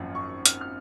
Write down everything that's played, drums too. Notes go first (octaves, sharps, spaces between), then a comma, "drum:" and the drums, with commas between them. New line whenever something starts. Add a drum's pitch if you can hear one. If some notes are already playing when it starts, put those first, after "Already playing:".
Already playing: G#1 F#2 F3 A#3
C#6
F6, drum: hi-hat
F6